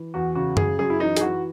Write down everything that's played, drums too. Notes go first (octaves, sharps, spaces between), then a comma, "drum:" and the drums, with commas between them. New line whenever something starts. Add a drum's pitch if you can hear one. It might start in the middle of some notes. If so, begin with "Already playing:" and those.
Already playing: E3
E2 F#4
C#3 F#4
F#2 G#4, drum: tom F#2
F#2 G#4
E4
E3 D#4
G#4, drum: hi-hat
E3 F#4